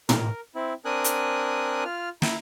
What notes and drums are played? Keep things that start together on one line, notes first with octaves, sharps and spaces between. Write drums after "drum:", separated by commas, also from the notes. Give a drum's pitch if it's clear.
A#4, drum: tom
C4 E4
C4 D4 A#4 G#5 D#6 F#6
drum: hi-hat
F4 F6
E4 A#5, drum: snare